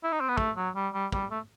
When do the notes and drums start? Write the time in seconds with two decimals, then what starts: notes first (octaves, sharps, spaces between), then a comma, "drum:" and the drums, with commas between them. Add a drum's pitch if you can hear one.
0.04 E4
0.12 D#4
0.21 C4
0.29 B3
0.38 A3, drum: kick
0.56 F#3
0.75 G3
0.94 G3
1.12 G3, drum: kick
1.31 A3